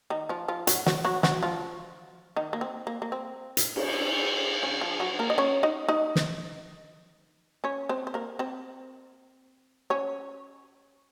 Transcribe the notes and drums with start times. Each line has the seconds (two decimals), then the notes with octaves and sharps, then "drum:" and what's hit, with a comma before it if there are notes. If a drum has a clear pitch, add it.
0.10 D#3 D#4
0.29 F3 F4
0.48 F3 F4
0.67 F#3 F#4, drum: hi-hat
0.86 F#3 F#4, drum: snare
1.05 F#3 F#4
1.23 F#3 F#4, drum: snare
1.43 F3 F4
2.36 D#3 D#4
2.53 A#3
2.61 C4
2.87 A#3
3.02 A#3
3.12 C4
3.57 drum: hi-hat
3.76 drum: cymbal
4.63 C#3 C#4
4.81 F3 F4
5.00 F#3 F#4
5.19 A#3 A#4
5.30 D#5
5.38 C#4 C#5
5.63 D#4 D#5
5.89 D#4 D#5
6.16 drum: snare
7.64 C#4 C#5
7.89 C4 C5
8.07 C5
8.14 A#3 A#4
8.39 C4 C5
9.90 C#4 C#5